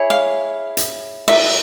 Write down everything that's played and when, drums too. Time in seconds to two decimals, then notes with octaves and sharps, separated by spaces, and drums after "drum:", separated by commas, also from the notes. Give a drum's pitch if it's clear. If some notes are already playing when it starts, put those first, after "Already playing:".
Already playing: E4 G#4 C#5
0.10 F5
0.77 drum: hi-hat
1.28 E5, drum: cymbal